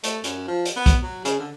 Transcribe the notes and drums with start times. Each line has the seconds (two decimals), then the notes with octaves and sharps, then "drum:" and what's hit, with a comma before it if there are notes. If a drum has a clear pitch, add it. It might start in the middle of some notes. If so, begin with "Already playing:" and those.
0.04 A3, drum: hi-hat
0.24 F#2, drum: hi-hat
0.48 F3
0.65 drum: hi-hat
0.76 B3
0.86 drum: kick, hi-hat
1.03 F#3
1.25 C#3, drum: hi-hat
1.40 D3